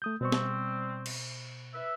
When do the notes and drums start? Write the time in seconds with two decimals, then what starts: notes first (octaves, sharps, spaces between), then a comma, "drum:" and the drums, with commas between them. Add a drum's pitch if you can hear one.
0.02 A3 D#6 G6
0.21 B2 G3 C4 C5 C#6
0.32 drum: snare
1.06 drum: cymbal
1.74 B4 E5